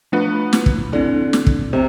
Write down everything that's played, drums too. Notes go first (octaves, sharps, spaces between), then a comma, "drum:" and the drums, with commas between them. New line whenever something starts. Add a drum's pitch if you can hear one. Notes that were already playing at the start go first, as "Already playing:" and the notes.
F3 A3 B3 D4 F4
drum: snare
drum: kick
D3 C4 E4 A4 D5
drum: snare
drum: kick
C3 C5